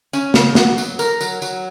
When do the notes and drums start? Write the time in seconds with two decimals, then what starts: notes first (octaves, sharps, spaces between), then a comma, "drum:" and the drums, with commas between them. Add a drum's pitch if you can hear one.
0.13 C#4, drum: tambourine
0.34 C#3, drum: snare
0.55 F#4, drum: snare
0.78 F#3, drum: tambourine
0.99 A#4, drum: tambourine
1.21 F#3, drum: tambourine
1.42 F#3, drum: tambourine